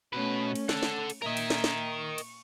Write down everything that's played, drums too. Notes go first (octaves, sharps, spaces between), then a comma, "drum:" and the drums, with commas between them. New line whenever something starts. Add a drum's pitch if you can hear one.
B2 A3 C#4 B4
drum: cymbal
A4 F#5, drum: snare
drum: snare
drum: cymbal
A#2 A#4 D#5 E5 G#6
drum: cymbal
drum: snare
drum: snare
C#6
drum: cymbal